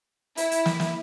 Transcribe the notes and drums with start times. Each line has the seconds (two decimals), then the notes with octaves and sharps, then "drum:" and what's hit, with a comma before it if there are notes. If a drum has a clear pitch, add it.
0.37 E4 E5, drum: hi-hat
0.51 drum: hi-hat
0.66 drum: snare
0.80 drum: snare